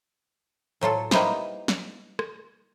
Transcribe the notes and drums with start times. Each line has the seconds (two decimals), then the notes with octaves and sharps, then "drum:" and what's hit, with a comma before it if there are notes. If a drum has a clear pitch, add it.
0.81 A2 F#3 F4 A4
1.11 G3 A#3 D#4 E4 B4 C5, drum: snare
1.68 drum: snare
2.19 drum: rim click